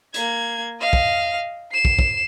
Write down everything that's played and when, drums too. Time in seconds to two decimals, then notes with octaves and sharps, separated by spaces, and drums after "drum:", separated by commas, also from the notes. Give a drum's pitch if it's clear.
0.14 A#3 G#6, drum: hi-hat
0.80 D#5 F5
0.93 drum: kick
1.72 C7 E7
1.85 drum: kick
1.99 drum: kick